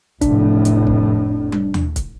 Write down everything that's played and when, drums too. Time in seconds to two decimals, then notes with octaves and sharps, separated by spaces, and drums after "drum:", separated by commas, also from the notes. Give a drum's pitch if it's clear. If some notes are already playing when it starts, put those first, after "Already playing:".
0.21 F1 A2 D4, drum: kick, hi-hat
0.65 drum: hi-hat
0.87 drum: kick
1.52 drum: tom
1.74 drum: tom D#2
1.96 drum: kick, hi-hat